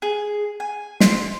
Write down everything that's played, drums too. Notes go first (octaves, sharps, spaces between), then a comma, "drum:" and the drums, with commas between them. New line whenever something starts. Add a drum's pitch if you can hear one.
G#4
G#5
C6, drum: snare